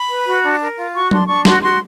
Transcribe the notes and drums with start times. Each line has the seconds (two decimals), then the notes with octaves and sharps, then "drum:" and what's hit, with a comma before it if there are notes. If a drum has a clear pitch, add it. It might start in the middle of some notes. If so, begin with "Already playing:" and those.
Already playing: B5
0.10 B4
0.27 F#4
0.44 D4
0.61 A#4
0.77 F4
0.94 F#4 C#6
1.11 D4 C6, drum: tom F#3
1.27 D4 C#6
1.45 F#4 C6, drum: snare
1.62 F#4 C6